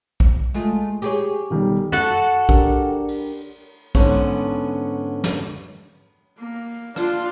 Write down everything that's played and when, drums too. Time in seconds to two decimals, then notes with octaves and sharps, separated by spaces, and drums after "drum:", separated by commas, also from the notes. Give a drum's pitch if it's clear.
0.20 drum: kick
0.54 G#3 A3 F4
1.02 G4 G#4 C#5
1.50 B1 D#3 G3
1.92 F#4 A4 F#5, drum: tom
2.49 D4 G4 A#4, drum: kick
3.08 drum: cymbal
3.95 G#2 D3 B3 C#4, drum: kick
5.24 drum: snare
6.39 A#3
6.96 D4 F4, drum: rim click